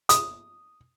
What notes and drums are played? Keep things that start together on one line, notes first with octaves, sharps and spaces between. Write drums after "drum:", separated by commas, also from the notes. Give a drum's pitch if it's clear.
D#6, drum: hi-hat